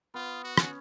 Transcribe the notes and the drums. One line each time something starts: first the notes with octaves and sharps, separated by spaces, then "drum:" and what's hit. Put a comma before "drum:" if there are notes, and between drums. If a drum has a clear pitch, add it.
B3 F4
F#4
C#4, drum: rim click